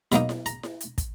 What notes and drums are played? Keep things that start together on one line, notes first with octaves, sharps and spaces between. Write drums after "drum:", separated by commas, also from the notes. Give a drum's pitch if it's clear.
B2 F#3 A#3 D#4 B5, drum: hi-hat
drum: snare E4
A#5, drum: hi-hat
drum: snare E4
drum: hi-hat
drum: kick, hi-hat